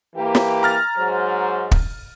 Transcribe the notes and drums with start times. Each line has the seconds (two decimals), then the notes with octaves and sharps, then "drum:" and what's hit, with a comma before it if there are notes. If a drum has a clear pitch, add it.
0.16 E3 A#3 G4
0.35 drum: snare
0.63 A#5 F6 A6
0.98 G#2 F#3 C5
1.71 drum: kick